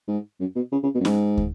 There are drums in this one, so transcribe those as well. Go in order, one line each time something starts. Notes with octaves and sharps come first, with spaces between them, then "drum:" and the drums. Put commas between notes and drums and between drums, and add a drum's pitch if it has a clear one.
G#2
F#2
B2
C#3
C#3
B2
F#2
G#2, drum: snare
drum: kick